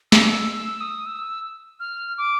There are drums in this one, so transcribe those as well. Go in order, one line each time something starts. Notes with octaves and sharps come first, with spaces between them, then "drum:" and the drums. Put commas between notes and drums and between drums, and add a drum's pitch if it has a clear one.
E6, drum: snare
E6
E6
D#6
E6
F6
D6